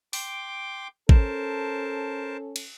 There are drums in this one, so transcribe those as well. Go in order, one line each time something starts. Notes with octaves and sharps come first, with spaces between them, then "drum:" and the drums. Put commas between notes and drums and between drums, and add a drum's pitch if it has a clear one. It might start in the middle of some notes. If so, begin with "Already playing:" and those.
G5 C6 D6, drum: open hi-hat
C#4 A4 A#4 C5 A5, drum: kick
drum: cymbal